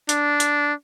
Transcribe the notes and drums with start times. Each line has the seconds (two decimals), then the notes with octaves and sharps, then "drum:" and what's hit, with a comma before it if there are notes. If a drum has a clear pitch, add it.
0.09 D4, drum: hi-hat
0.40 drum: hi-hat